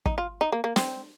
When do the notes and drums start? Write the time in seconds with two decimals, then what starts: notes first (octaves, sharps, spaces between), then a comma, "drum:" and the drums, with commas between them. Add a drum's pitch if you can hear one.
0.06 D#4, drum: kick
0.18 F4
0.41 D#4
0.52 A#3
0.64 A#3
0.76 C4, drum: snare